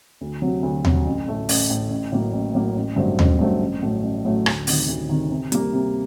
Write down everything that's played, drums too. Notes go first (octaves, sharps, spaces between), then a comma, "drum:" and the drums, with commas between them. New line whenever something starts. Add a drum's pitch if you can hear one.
D2
C3 F#3
D2
C3 F#3, drum: tom D#2
A1
A2 A3
A1, drum: open hi-hat
A2 A3
A1
A2 F#3 A#3
A1
A2 F#3 A#3
A1
G2 F#3 A3 C4
A1, drum: tom D#2
G2 F#3 A3 C4
A1
A2 F#3 A3
A1
A2 F#3 A3
D2, drum: rim click
C3 D#3, drum: open hi-hat
D2
C3 D#3
C3
G3 A#3, drum: hi-hat
C3